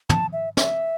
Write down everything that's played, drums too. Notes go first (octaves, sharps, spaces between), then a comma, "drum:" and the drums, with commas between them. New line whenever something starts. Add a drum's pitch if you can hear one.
A5, drum: tom
E5
E5, drum: snare